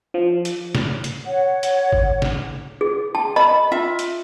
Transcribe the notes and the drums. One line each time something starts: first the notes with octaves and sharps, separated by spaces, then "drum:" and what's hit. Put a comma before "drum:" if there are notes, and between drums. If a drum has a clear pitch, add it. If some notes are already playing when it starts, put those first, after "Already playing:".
F3
drum: hi-hat
drum: snare
drum: hi-hat
C#5 F#5
drum: hi-hat
drum: kick G#1
drum: snare
G#4
A5
D#5 B5
F4 E5
drum: hi-hat